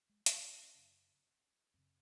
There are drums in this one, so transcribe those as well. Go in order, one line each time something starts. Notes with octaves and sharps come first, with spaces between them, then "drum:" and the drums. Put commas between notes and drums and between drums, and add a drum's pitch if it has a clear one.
G#3
G#3, drum: hi-hat
A#3
C4
C#4
F#2 C#3 C#4
F#2 C#3 C4